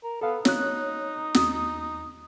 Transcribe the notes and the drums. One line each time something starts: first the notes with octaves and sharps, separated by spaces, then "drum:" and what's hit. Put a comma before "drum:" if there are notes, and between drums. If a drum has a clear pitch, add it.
A#4
B3 A4 F5
D#4 C#5 F#6, drum: snare
D#2 D#6, drum: snare